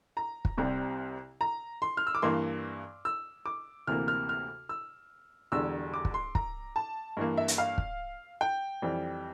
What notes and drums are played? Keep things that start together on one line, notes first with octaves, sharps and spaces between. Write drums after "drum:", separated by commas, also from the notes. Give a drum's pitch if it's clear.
A#5
drum: kick
C2 C3 G3 C4
A#5
C6
F6
E6
D6
G2 E3 A#3 C6
E6
D6
D2 C3 E3 A#3 F6
F6
F6
E6
E1 E2 D3 G3 E6
D6
drum: kick
C6
A#5, drum: kick
A5
G2 E3 A#3
E5
drum: hi-hat
F5
drum: kick
G5
F2 E3 G3